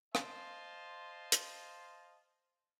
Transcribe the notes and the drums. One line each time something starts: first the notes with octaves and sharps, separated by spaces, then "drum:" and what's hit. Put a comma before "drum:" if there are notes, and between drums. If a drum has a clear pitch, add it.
C5 D#5 F5 A5 C6, drum: rim click
drum: hi-hat